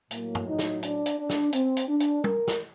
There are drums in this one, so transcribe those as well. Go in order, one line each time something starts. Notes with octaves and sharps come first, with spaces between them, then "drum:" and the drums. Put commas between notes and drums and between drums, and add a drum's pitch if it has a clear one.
A2 F#3 A#3, drum: hi-hat
drum: tom
D#4
drum: snare
D4, drum: hi-hat
drum: hi-hat
D4
drum: snare
C4, drum: hi-hat
drum: hi-hat
D4
drum: hi-hat
A#4, drum: tom
drum: snare